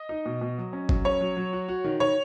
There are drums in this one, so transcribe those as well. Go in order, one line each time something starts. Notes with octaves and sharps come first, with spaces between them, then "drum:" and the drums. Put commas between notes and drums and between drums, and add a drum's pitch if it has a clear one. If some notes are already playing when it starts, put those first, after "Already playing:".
Already playing: D#5
D#4
B2
B2
F#3
C#4
F#3, drum: kick G1
C#4 C#5
F#3
F#3
F#4
F#4
D#3
D#3 C#5